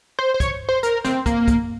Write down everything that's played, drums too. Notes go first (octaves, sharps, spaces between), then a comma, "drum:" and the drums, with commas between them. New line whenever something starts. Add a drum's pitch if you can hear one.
C5
C5
C#5, drum: kick, hi-hat
C5
A#4, drum: hi-hat
C4, drum: snare
A#3, drum: kick, hi-hat
drum: kick, hi-hat